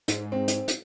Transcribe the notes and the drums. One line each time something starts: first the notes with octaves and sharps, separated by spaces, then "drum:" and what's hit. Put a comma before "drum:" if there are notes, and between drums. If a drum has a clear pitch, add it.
G#2, drum: hi-hat
C4
drum: hi-hat
drum: hi-hat